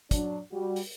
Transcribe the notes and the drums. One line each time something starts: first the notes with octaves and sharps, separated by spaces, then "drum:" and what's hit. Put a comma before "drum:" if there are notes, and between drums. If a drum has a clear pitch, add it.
F#3 D4, drum: kick, hi-hat
G3 F#4
drum: open hi-hat